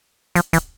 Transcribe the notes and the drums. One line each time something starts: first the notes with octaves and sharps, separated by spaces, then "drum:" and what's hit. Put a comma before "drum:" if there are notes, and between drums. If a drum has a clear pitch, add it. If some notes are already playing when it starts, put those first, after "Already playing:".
F3, drum: hi-hat
E3, drum: kick, hi-hat